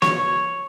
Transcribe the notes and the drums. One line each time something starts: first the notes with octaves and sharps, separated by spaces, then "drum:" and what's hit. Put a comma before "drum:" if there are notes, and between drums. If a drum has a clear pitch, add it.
C#5, drum: snare